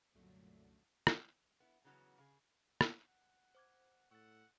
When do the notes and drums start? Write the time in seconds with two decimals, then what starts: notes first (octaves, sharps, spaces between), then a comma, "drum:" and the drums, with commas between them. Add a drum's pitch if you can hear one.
0.15 C2 F#2 A#2 D3 F#3 A3
1.07 drum: rim click
1.60 B3 E4
1.84 C#3 E3 F#3 B3 C#4
2.18 C#3 G#4
2.81 drum: rim click
3.08 F#5
3.55 C5 D6 G#6
4.11 A2 F#5 C#6 E6 A6